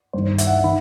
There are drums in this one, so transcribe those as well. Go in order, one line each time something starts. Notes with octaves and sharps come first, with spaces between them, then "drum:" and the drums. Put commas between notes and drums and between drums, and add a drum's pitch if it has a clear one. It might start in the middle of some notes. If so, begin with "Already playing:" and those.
G2 D#3 C5
E5, drum: hi-hat
F#5
E5
D#3 B5